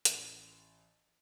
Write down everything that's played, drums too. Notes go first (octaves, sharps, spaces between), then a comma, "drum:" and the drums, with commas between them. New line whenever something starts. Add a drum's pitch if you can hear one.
A1, drum: hi-hat